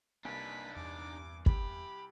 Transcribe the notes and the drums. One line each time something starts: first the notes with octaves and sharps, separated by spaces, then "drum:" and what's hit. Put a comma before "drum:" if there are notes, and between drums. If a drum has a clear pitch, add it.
C2 A#3 D4 D#4 B4 G#5 B6 D7
E2 G2 D6
G4 B5, drum: kick